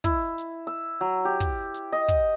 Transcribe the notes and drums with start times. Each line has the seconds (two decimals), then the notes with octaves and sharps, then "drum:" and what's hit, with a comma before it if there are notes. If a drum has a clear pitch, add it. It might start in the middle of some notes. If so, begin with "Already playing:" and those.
0.04 E4, drum: kick, hi-hat
0.38 drum: hi-hat
0.67 E6
1.01 F#3
1.25 G4
1.40 drum: kick, hi-hat
1.74 drum: hi-hat
1.92 D#5
2.08 drum: kick, hi-hat